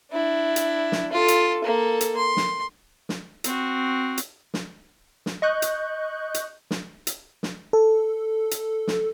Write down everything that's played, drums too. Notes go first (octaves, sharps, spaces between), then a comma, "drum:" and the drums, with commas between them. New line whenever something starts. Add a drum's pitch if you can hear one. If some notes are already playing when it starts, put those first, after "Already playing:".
D4 E4
drum: hi-hat
drum: snare
F4 A4
drum: hi-hat
A#3 A4
drum: hi-hat
C6
drum: snare
drum: snare
C4 F#4, drum: hi-hat
drum: hi-hat
drum: snare
drum: snare
D#5 C#6 F#6 G6
drum: hi-hat
drum: hi-hat
drum: snare
drum: hi-hat
drum: snare
A4
drum: hi-hat
drum: snare